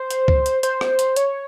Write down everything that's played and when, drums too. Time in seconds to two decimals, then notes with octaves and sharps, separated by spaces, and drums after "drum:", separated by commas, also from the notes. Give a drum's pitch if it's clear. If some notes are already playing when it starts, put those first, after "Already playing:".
Already playing: C5
0.10 drum: hi-hat
0.28 drum: kick C#2
0.46 drum: hi-hat
0.63 C5, drum: hi-hat
0.81 drum: rim click
0.99 drum: hi-hat
1.16 C#5, drum: hi-hat